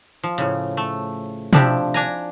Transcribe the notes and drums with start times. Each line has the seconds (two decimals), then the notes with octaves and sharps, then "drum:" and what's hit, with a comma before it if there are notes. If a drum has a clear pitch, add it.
0.23 F3
0.38 A2 C#3, drum: hi-hat
0.77 A3
1.53 C3 F3 D4 E4 G4, drum: tom
1.94 D4 G#5 A#5